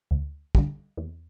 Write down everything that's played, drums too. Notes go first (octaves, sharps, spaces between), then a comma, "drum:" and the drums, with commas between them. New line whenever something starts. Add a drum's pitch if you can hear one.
D2
D3 G3, drum: kick
E2